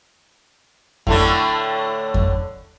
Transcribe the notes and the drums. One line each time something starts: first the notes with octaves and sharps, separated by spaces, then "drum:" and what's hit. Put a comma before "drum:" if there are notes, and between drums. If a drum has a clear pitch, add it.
A2 D3 A3, drum: kick F2
drum: kick F2